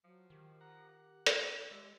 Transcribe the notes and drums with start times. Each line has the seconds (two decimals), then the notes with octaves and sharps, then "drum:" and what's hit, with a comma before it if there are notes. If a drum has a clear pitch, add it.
0.04 F3 F#3
0.30 D#3 G4
0.61 F#5 A#5
0.89 F#5
1.26 E3, drum: hi-hat
1.71 G#3 G4 E5